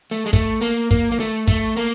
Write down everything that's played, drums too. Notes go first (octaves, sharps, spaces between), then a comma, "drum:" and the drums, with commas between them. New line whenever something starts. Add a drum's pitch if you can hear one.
A3
G#3
A3, drum: kick
A#3
A#3, drum: kick
A#3
A3
A3, drum: kick
A#3